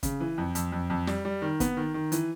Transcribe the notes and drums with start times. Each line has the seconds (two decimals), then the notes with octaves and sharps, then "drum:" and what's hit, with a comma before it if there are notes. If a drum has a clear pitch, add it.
0.03 C#3, drum: kick, hi-hat
0.20 E3
0.38 F2
0.55 F2, drum: hi-hat
0.72 F2
0.90 F2
1.07 G3, drum: snare
1.25 G3
1.42 D#3
1.60 B3, drum: kick, hi-hat
1.77 D#3
1.94 D#3
2.12 E3, drum: hi-hat